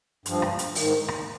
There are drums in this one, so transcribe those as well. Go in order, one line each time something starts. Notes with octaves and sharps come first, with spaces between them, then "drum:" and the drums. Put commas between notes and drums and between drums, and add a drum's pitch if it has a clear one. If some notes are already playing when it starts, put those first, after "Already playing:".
G2 F3, drum: hi-hat
drum: rim click
drum: hi-hat
G#2 D#3, drum: open hi-hat
drum: rim click